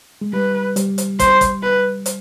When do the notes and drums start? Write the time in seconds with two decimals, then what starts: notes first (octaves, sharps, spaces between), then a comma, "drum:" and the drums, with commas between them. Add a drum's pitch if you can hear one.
0.21 G#3
0.33 G3 B4
0.76 G3, drum: hi-hat
0.98 drum: hi-hat
1.20 C5, drum: kick, hi-hat
1.41 drum: kick, hi-hat
1.62 B4
2.06 drum: hi-hat